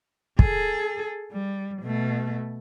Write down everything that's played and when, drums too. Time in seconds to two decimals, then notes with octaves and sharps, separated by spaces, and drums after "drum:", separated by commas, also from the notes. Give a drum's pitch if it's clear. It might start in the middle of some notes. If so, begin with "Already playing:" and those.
0.39 G#4 A4, drum: kick
1.32 G3
1.82 B2 A3